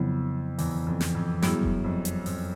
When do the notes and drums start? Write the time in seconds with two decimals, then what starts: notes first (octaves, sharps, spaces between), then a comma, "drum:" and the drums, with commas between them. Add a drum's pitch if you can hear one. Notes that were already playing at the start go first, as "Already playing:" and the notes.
Already playing: F2 C#3 F#3 B3 E4
0.59 E2, drum: open hi-hat
0.87 F2
1.01 drum: snare
1.15 F2
1.42 F#2 G3 B3 E4 G#4, drum: snare
1.63 drum: kick F1
1.84 F2
2.05 drum: hi-hat
2.26 F2, drum: open hi-hat